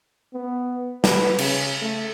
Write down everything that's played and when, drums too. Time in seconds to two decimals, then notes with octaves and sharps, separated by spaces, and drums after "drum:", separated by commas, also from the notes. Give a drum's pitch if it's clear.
0.34 B3
1.04 B4, drum: snare
1.38 C#3, drum: cymbal
1.82 A3